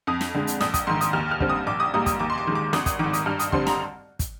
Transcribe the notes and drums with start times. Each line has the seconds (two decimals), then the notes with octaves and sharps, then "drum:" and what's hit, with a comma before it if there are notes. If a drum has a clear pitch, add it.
0.07 F2 D#6
0.21 drum: snare
0.35 D3 G#3
0.47 drum: hi-hat
0.61 A#1 D#6, drum: snare
0.74 D#6, drum: kick, hi-hat
0.87 G#2 D#3 C6
1.01 D#6, drum: hi-hat
1.13 D#2 F6
1.31 F6
1.40 D3 G3 C4, drum: kick
1.49 D#6
1.67 A#1 D6
1.80 D#6
1.94 G#2 G3 A#3 D#6
2.06 D#6, drum: kick, hi-hat
2.20 D#2 D6
2.30 C6
2.38 D6
2.47 D#3 G#3
2.55 D6
2.73 G#1 D#6, drum: snare
2.86 D#6, drum: kick, hi-hat
2.99 G#2 D#3 D6
3.13 D#6, drum: hi-hat
3.26 G2 F6
3.39 D#6, drum: hi-hat
3.52 D3 G3 C4 C6, drum: kick
3.67 A#5, drum: snare
4.19 drum: kick, hi-hat